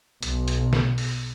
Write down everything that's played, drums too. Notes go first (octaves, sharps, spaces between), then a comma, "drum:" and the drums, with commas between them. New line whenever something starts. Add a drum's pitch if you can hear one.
B1, drum: hi-hat
drum: hi-hat
drum: snare
drum: open hi-hat